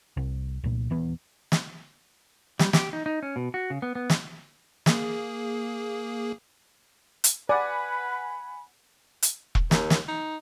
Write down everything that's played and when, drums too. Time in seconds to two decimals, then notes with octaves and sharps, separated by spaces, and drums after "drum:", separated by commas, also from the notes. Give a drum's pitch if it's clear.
0.17 C2
0.64 C2 A#2
0.90 D#1 E3 B3
1.52 drum: snare
2.59 G3, drum: snare
2.73 G4, drum: snare
2.93 D#4
3.06 D#4
3.23 C#4
3.36 B2
3.54 F#4
3.70 C#3
3.82 B3
3.95 B3
4.10 drum: snare
4.86 A#3 G#4, drum: snare
7.24 drum: hi-hat
7.49 B4 D5 F#5 G#5 B5
9.23 drum: hi-hat
9.55 drum: kick E1
9.71 D#2, drum: snare
9.90 drum: snare
10.09 D#4